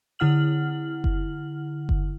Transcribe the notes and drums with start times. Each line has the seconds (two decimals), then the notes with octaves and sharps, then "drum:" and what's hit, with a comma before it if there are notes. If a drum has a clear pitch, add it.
0.19 D3 E4 F#5 F6 F#7
1.04 drum: kick F#1
1.89 drum: kick F#1